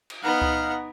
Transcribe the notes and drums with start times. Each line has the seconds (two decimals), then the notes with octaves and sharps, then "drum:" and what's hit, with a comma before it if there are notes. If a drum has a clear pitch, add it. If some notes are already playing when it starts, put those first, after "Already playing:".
0.10 drum: cymbal
0.23 B3 D#4 F5 F#5 A#5
0.42 drum: kick C#2